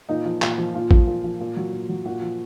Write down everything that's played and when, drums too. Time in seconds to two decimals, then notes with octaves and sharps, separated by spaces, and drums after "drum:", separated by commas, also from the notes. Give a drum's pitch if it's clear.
0.09 A#2 D#4
0.25 F3
0.42 A#2, drum: clap
0.58 F3
0.75 A#2 F4
0.91 F3, drum: kick
1.07 A#2
1.24 F3
1.40 A#2
1.56 F#3
1.73 A#2
1.89 F#3
2.05 A#2 F#4
2.22 F3